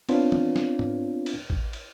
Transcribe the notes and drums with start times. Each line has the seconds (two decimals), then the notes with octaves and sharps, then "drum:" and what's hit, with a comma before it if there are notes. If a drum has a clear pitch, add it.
0.09 B3 C4 D4 F4 B4 C#5, drum: cymbal
0.32 drum: tom
0.56 drum: snare
0.79 drum: tom G#2
1.26 drum: cymbal
1.50 drum: kick A1
1.73 drum: cymbal